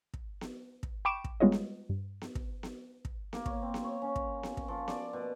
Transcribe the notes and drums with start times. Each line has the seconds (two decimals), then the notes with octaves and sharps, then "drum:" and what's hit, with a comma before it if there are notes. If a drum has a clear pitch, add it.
0.14 drum: kick
0.41 drum: snare B3
0.83 drum: kick
1.05 G5 B5 C#6 D6 D7 E7
1.24 drum: kick
1.40 G3 G#3 B3 F4 C#5 D#5
1.52 drum: snare B3
1.89 G2
2.21 drum: snare B3
2.35 drum: kick
2.63 drum: snare B3
3.05 drum: kick
3.33 A#3, drum: snare B3
3.46 C#5, drum: kick
3.62 C4
3.74 drum: snare B3
3.84 C#5
4.02 C#4
4.16 drum: kick
4.43 drum: snare B3
4.57 drum: kick
4.68 F3
4.88 D5, drum: snare B3
5.13 B2